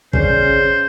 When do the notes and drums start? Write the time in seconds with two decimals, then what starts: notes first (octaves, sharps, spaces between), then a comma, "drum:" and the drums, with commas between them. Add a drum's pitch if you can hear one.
0.13 C#3 C#4 C5 D5, drum: kick